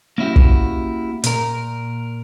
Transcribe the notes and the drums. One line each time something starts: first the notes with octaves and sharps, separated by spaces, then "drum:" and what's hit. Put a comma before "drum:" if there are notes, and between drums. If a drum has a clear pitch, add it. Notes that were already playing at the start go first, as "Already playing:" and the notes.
A#3 C#4 E4 F#4 G4
drum: kick
A#2 A#4, drum: hi-hat